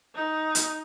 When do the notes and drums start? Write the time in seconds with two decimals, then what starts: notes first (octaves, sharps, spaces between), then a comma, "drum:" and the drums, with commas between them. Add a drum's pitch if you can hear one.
0.15 D#4
0.55 drum: hi-hat